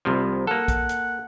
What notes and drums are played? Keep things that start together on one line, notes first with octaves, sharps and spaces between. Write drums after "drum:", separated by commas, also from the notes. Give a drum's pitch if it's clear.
C2 C3 F3
A#3 A4 F#5
drum: kick A#1, hi-hat
drum: hi-hat